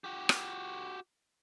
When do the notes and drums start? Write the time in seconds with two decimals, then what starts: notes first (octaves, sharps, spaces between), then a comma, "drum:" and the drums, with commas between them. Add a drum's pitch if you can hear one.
0.04 F#4 G4
0.29 drum: rim click